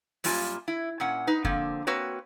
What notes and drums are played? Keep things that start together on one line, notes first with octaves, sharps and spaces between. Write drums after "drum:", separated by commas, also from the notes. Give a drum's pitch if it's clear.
F#2 G3 A#3 F4 G#5, drum: open hi-hat
E4
A#2 C#4 F#5
D#4 B4
D3 F3 A#3 C4, drum: kick
A#3 C4 F#4 B4 C#5